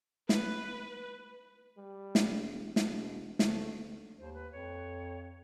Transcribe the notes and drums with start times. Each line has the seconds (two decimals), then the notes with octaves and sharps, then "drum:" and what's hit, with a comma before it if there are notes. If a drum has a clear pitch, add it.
0.29 B4, drum: snare
1.78 G3
2.15 E1, drum: snare
2.76 E1 B2, drum: snare
3.39 D2 A3, drum: snare
4.18 D#2 C5
4.34 B4
4.52 F2 C#5